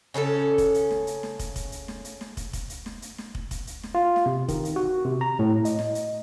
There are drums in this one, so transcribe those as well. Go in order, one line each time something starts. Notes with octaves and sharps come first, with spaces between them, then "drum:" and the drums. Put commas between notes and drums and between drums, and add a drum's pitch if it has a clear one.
C#3 C#4 G#4 A4
drum: kick, hi-hat
drum: hi-hat
drum: snare
drum: hi-hat
drum: snare
drum: kick, hi-hat
drum: kick, hi-hat
drum: hi-hat
drum: snare
drum: hi-hat
drum: snare
drum: kick, hi-hat
drum: kick, hi-hat
drum: hi-hat
drum: snare
drum: hi-hat
drum: snare
drum: kick
drum: kick, hi-hat
drum: hi-hat
drum: snare
F4
drum: snare
C3
D#3, drum: kick, hi-hat
drum: hi-hat
F#4
C3
A#5
A2
D#5, drum: hi-hat
drum: snare
drum: hi-hat